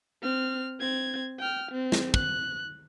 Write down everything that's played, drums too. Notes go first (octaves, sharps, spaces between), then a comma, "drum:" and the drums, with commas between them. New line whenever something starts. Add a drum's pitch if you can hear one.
C4 F6
C4 G#6
G5 F6
C4
drum: snare
F#6, drum: kick